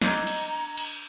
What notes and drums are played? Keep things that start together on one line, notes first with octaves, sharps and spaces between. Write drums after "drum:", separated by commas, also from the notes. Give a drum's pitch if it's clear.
D4 D#5 A#5 E6 G6 G#6, drum: snare
drum: cymbal
drum: cymbal